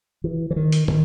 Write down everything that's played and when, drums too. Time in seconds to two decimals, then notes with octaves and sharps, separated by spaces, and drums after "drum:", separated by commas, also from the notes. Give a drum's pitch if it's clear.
0.24 E3
0.50 E3
0.56 D#3
0.72 drum: hi-hat
0.88 D#3, drum: tom